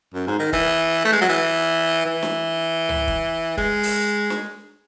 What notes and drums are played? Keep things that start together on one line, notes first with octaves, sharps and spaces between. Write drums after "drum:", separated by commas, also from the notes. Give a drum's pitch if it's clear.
F#2
G#2
D#3
E3, drum: kick
A3
G#3
F#3
E3
E3
drum: snare
drum: tom C#2
drum: kick
G#3, drum: kick
drum: open hi-hat
drum: snare